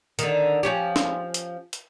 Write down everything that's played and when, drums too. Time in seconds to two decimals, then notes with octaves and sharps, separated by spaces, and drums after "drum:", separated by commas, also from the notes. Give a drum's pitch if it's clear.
0.19 D3 D#3, drum: hi-hat
0.63 F3 C#4 G4
0.96 drum: snare
1.34 drum: hi-hat
1.73 drum: hi-hat